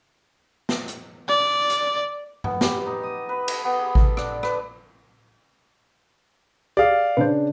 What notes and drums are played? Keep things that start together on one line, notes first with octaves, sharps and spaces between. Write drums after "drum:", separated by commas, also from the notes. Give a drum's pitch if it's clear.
drum: snare
drum: hi-hat
D5
drum: hi-hat
B3, drum: tom G2
G4, drum: snare
D#4
D#6
B4
A4, drum: cymbal
B3
G#4
A4, drum: kick G#1
D4, drum: rim click
B4, drum: rim click
G4 G#4 D5 F5
C#3 D4 B4 C5